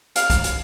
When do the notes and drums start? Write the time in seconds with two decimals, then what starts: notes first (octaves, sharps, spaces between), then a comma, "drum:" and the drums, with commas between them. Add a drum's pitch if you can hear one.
0.16 F5, drum: hi-hat
0.30 drum: kick, hi-hat
0.44 drum: hi-hat